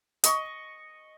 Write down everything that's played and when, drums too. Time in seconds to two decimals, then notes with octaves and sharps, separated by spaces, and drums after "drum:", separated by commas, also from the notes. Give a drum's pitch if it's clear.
0.24 D#5 C#6, drum: hi-hat